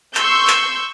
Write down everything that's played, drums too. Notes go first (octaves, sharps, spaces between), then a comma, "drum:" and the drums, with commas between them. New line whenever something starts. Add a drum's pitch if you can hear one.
C6 C#6 E6 G6, drum: clap
drum: clap